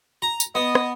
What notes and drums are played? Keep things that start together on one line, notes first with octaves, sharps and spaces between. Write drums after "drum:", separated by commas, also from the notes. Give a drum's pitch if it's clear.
A#5
drum: tambourine
B3 D#5
drum: rim click